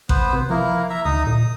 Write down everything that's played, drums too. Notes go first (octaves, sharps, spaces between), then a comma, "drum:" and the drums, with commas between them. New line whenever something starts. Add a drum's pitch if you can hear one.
B3 B4 C5, drum: kick A1
C3
F3 A#3 E4 A#4
E5 A#5
D2 D#4 A#5 D#6
A#2 D#6